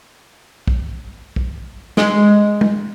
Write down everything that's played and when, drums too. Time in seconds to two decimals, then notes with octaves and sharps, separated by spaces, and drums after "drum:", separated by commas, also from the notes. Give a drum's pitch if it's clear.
0.67 drum: kick
1.36 drum: kick
1.97 G#3 D#5, drum: snare
2.61 drum: tom